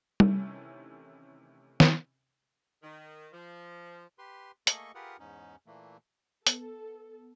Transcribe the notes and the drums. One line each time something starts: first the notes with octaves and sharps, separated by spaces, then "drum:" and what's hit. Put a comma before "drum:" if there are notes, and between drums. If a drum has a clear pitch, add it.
C3 D#3 E3 A3 C#4, drum: tom
drum: snare
D#3
F3
G4 B4 C6
A3 A#3 G#4 A4 D#5 C#6, drum: hi-hat
F4 G4 G#4 A#4 B4 F#5
E2 G#2 C#4 D#4
A#2 E3 A3 A#3
B3 A4, drum: hi-hat